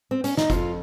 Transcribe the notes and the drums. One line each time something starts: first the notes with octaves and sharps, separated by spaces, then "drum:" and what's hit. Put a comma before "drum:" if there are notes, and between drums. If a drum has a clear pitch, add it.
C4
C#4, drum: hi-hat
D#4, drum: snare
F2 F4, drum: kick F#1, hi-hat